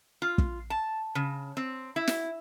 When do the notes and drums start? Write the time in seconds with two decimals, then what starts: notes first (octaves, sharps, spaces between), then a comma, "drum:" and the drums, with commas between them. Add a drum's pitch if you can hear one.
0.22 F4
0.38 drum: kick
0.70 A5
1.15 C#3
1.57 C4
1.96 E4
2.07 drum: snare